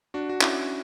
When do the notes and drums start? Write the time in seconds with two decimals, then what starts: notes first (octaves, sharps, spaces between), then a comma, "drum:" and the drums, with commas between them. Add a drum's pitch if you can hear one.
0.14 D4 F#4
0.29 F#4
0.41 C#4 E4, drum: clap